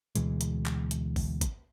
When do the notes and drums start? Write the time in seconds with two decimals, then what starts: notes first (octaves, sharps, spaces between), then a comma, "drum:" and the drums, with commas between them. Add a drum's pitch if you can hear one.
0.15 D2 B2 E3 G#3, drum: hi-hat
0.41 drum: hi-hat
0.66 drum: clap
0.91 drum: hi-hat
1.16 drum: kick G#1, open hi-hat
1.41 drum: kick G#1, hi-hat